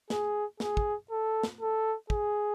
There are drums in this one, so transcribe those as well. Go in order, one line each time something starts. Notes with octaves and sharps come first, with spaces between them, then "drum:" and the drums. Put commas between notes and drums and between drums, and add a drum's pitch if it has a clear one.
G#4, drum: snare
G#4, drum: snare
drum: kick
A4
drum: snare
A4
G#4, drum: kick